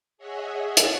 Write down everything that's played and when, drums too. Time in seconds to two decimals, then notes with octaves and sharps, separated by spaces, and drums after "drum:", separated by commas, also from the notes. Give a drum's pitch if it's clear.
0.18 G#4 C#5 D#5 E5 F#5 G#5
0.77 drum: hi-hat